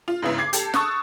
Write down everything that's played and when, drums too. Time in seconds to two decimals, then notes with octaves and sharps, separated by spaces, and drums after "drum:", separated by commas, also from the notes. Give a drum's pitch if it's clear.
0.08 F4
0.22 G#2 C#3 B3 E4 E5
0.38 D6 G#6 C7
0.53 G4 A4, drum: hi-hat
0.74 A5 C#6 D#6 E6 F#6, drum: snare